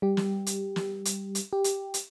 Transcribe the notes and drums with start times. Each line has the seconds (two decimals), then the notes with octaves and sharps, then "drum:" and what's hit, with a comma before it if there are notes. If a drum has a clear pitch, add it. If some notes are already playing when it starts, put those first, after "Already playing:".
0.02 G3 G4
0.17 drum: snare
0.46 drum: hi-hat
0.76 drum: snare
1.05 drum: hi-hat
1.35 drum: hi-hat
1.53 G4
1.64 drum: hi-hat
1.94 drum: hi-hat